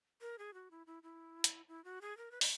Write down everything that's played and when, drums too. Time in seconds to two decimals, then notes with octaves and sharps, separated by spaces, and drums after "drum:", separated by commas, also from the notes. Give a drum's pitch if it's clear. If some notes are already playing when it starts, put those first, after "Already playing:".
0.21 A#4
0.39 G#4
0.54 F#4
0.71 E4
0.87 E4
1.03 E4
1.44 drum: hi-hat
1.68 E4
1.84 F#4
2.02 G#4
2.17 A#4
2.31 B4
2.41 D#5, drum: open hi-hat